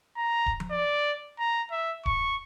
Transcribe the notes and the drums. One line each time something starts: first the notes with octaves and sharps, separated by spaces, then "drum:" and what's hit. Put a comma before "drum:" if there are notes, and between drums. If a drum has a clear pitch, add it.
A#5
drum: kick D1
drum: tom F3
D5
A#5
E5
C#6, drum: kick D1